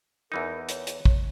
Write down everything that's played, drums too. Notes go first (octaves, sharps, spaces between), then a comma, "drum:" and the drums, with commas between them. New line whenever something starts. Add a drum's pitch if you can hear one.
E2 E3 D#4 A#4
C#5, drum: hi-hat
drum: hi-hat
drum: kick